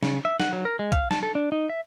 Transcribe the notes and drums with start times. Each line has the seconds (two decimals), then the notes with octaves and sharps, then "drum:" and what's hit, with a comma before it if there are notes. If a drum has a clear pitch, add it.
0.03 C#3, drum: snare
0.25 E5
0.40 F#5, drum: snare
0.53 F#3
0.65 A#4
0.79 G#3
0.92 F5, drum: kick, hi-hat
1.11 A5, drum: snare
1.23 A4
1.35 D4
1.52 D#4
1.69 E5